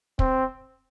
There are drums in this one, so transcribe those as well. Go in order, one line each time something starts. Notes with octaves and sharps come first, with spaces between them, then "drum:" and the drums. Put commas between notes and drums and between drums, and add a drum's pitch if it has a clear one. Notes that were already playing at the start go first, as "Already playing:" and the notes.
C4, drum: kick